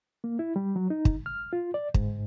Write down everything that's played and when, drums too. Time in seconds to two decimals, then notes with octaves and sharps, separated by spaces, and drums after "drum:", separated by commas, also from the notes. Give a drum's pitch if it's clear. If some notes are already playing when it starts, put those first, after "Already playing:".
0.24 A#3
0.39 E4
0.56 G3
0.76 F#3
0.90 D#4
1.05 drum: kick
1.26 F6
1.53 F4
1.74 D5
1.94 G#2, drum: kick